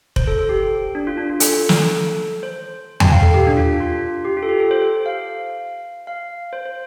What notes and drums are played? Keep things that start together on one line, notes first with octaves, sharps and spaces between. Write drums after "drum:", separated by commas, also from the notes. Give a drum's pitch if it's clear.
C5, drum: kick F1
A4
A4
G4
D4
F4
D4
F4
A4, drum: hi-hat
A4
drum: snare
C5
G5, drum: tom E2
F5
A4
G4
D4
F4
F4
G4
F4
A4
G4
A4
C5
C5
F5
F5
C5
C5